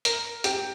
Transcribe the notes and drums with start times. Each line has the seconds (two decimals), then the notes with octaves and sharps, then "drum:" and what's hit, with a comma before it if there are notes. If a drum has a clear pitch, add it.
0.05 A#4, drum: hi-hat
0.44 G4, drum: hi-hat